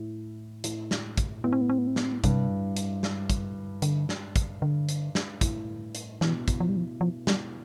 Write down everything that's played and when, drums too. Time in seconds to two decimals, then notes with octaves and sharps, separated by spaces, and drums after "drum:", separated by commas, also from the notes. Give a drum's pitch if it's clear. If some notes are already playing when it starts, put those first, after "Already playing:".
Already playing: A2
0.64 A2, drum: hi-hat
0.91 drum: snare
1.17 drum: kick, hi-hat
1.44 A2 B3
1.53 C4
1.61 B3
1.69 C4
1.78 B3
1.87 C4
1.96 B3, drum: snare
2.04 C4
2.13 B3
2.24 G2 C3, drum: kick, hi-hat
2.77 drum: hi-hat
3.03 drum: snare
3.30 drum: kick, hi-hat
3.82 D3, drum: hi-hat
4.09 drum: snare
4.36 drum: kick, hi-hat
4.62 D3
4.89 drum: hi-hat
5.15 drum: snare
5.41 A2, drum: kick, hi-hat
5.95 drum: hi-hat
6.21 B2 E3, drum: snare
6.48 drum: kick, hi-hat
6.60 F3
6.69 G3
6.76 F3
7.01 F3
7.27 G3, drum: snare